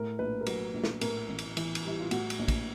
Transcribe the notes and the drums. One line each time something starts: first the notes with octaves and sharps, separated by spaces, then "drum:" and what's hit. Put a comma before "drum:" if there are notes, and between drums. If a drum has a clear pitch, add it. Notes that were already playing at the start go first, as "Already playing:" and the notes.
Already playing: A2 A#4
A#1 B4
A#4
F#3 B4, drum: cymbal
A#1
drum: snare
A2 A#4, drum: cymbal
A1
drum: cymbal
E3, drum: cymbal
drum: cymbal
G3 E4
F4
A2 F#4, drum: cymbal
drum: cymbal
A#1
drum: kick, cymbal